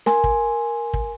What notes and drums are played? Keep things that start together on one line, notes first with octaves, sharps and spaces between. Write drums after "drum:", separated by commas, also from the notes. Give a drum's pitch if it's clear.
A#4 G#5 C6, drum: snare
drum: kick
drum: kick